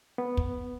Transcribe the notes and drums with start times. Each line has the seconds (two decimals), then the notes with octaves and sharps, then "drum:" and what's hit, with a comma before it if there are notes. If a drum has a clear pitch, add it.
0.18 B3
0.37 drum: kick